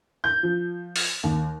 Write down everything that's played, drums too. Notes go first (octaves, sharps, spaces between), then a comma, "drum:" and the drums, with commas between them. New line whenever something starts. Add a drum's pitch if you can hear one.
G6
F3
drum: open hi-hat
D#2